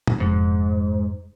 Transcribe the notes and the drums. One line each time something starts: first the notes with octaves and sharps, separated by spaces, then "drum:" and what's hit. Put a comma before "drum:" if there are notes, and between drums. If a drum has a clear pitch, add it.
drum: tom A2
F1 G#2